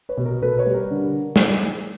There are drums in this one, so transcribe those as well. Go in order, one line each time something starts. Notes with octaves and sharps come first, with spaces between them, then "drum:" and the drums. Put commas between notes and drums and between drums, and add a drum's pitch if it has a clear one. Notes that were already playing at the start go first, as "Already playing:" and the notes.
B4 C#5
B2
A#4
B2 A4 B4
B4 C#5
G3
A#4
D3
drum: snare